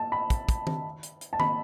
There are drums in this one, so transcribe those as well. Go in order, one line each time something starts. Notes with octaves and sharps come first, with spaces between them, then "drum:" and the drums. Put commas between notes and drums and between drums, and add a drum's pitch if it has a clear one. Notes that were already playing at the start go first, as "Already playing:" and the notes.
Already playing: A5
B5
drum: kick, hi-hat
drum: kick, hi-hat
drum: tom D#3
drum: hi-hat
drum: hi-hat
A5
B5, drum: tom D#3